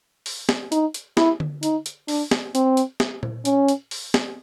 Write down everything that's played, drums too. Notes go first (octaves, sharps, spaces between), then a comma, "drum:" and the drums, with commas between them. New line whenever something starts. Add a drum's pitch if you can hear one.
drum: open hi-hat
drum: snare
D#4, drum: hi-hat
drum: hi-hat
E4, drum: snare
drum: tom D3
D#4, drum: hi-hat
drum: hi-hat
D4, drum: open hi-hat
drum: snare
C4, drum: hi-hat
drum: hi-hat
drum: snare
drum: tom A#2
C#4, drum: hi-hat
drum: hi-hat
drum: open hi-hat
drum: snare